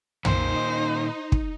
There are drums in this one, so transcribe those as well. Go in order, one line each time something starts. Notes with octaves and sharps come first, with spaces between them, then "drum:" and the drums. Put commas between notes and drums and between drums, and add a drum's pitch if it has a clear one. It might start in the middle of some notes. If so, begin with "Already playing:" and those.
A#2 D#3 D#4 C5, drum: tom
drum: kick